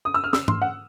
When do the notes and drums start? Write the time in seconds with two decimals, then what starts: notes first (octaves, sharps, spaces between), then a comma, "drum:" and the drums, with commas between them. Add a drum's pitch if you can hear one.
0.05 D#6
0.14 E6
0.24 F6
0.33 E6, drum: snare
0.48 C6, drum: tom G#2
0.62 F#5